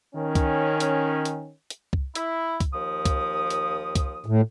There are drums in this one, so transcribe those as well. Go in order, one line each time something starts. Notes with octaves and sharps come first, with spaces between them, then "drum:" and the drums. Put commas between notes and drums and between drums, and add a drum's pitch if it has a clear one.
D#3 C#4
drum: kick C2, hi-hat
drum: hi-hat
drum: hi-hat
drum: hi-hat
drum: kick C2
E4, drum: hi-hat
drum: kick C2, hi-hat
D#2 F3 D#6
drum: kick C2, hi-hat
drum: hi-hat
drum: kick C2, hi-hat
A2